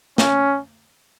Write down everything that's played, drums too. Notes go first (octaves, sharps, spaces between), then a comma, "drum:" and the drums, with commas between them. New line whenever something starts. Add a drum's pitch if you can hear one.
C#4, drum: snare